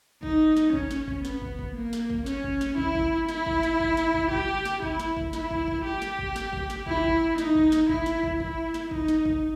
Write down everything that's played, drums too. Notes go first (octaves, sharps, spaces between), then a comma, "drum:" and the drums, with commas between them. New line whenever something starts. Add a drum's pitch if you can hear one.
D#4, drum: kick
drum: snare
C#4, drum: kick
drum: snare
drum: kick
B3, drum: snare
drum: kick
drum: kick
A#3
drum: snare
drum: kick
C#4, drum: snare
drum: kick
drum: snare
E4, drum: kick
drum: kick
E4, drum: snare
drum: kick
drum: snare
drum: kick
drum: snare
drum: kick
G4, drum: kick
drum: snare
E4, drum: kick
drum: snare
drum: kick
E4, drum: snare
drum: kick
drum: kick
G4
drum: snare
drum: kick
drum: snare
drum: kick
drum: snare
E4, drum: kick
drum: kick
D#4, drum: snare
drum: kick
drum: snare
E4, drum: kick
drum: snare
drum: kick
E4, drum: kick
drum: snare
D#4, drum: kick
drum: snare
drum: kick